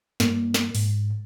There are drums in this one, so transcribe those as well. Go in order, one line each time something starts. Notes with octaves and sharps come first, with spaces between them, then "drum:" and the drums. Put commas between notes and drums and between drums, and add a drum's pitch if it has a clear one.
G2 A#3, drum: snare
drum: snare
G#2, drum: open hi-hat